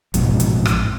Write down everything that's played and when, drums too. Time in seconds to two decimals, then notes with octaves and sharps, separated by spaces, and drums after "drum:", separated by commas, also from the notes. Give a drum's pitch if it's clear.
0.14 A1 F2 G#2 B2, drum: hi-hat
0.40 drum: hi-hat
0.66 drum: rim click